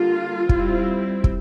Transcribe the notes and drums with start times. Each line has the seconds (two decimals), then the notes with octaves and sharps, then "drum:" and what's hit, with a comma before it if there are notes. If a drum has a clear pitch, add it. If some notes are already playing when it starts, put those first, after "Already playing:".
Already playing: D3 G3 A#3 F4
0.49 G3 C4 E4, drum: kick
1.24 drum: kick